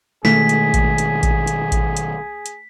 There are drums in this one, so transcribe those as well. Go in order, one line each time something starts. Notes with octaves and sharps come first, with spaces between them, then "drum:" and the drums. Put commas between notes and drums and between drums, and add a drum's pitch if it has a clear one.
B2 D#3 G#3 A3 G#4 B6, drum: snare
drum: hi-hat
drum: kick A1, hi-hat
drum: hi-hat
drum: kick A1, hi-hat
drum: hi-hat
drum: kick A1, hi-hat
drum: hi-hat
drum: hi-hat